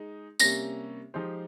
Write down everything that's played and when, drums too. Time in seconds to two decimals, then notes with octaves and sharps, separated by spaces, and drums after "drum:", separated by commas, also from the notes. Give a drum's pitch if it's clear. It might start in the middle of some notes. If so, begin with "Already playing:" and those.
Already playing: G#3 D#4
0.39 C3 G3 A#3 C#4 A#6, drum: tambourine
1.14 F3 G#3 D#4 G4 C5